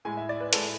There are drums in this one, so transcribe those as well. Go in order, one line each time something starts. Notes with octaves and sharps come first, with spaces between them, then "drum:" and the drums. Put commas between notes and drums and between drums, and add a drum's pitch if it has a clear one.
A2 G#3 G#5
E5
D5
B4
A2 G#3 A4, drum: hi-hat